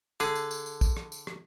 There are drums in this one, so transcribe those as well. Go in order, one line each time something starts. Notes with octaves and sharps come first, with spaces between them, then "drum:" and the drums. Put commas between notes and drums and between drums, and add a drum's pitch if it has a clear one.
D3 G#4 A4, drum: tambourine
drum: tambourine
drum: tambourine
drum: tambourine
drum: kick, tambourine
drum: rim click
drum: tambourine
drum: rim click